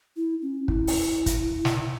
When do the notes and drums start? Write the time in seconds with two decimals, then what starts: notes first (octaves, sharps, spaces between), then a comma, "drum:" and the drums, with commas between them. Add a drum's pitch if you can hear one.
0.16 E4
0.42 C#4
0.68 E4, drum: kick
0.87 drum: open hi-hat
1.26 drum: kick, hi-hat
1.65 drum: snare